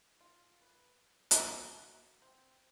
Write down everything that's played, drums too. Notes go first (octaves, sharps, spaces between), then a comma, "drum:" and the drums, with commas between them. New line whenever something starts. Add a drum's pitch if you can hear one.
F4
B4
drum: hi-hat
F#4
C4